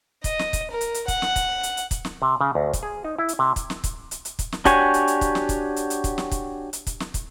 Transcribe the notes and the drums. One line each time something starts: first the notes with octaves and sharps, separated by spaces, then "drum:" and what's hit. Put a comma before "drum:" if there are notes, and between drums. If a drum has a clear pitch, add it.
D#5, drum: kick, hi-hat
drum: snare
drum: kick, hi-hat
A#4
drum: hi-hat
drum: hi-hat
F#5, drum: kick, hi-hat
drum: snare
drum: kick, hi-hat
drum: hi-hat
drum: hi-hat
drum: kick, hi-hat
drum: snare
C3
C#3
D2
drum: kick, hi-hat
G#4
D#4
E4
drum: hi-hat
C3
drum: kick, hi-hat
drum: snare
drum: kick, hi-hat
drum: hi-hat
drum: hi-hat
drum: kick, hi-hat
drum: snare
D4 F#4 G4 C#5 G#5, drum: kick, hi-hat
drum: hi-hat
drum: hi-hat
drum: kick, hi-hat
drum: snare
drum: kick, hi-hat
drum: hi-hat
drum: hi-hat
drum: kick, hi-hat
drum: snare
drum: kick, hi-hat
drum: hi-hat
drum: kick, hi-hat
drum: snare
drum: kick, hi-hat